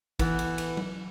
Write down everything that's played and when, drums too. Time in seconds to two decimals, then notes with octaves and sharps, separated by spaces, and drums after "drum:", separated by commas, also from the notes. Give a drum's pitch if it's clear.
0.19 E3 B3, drum: kick, cymbal
0.39 drum: cymbal
0.58 drum: cymbal
0.77 drum: tom F#3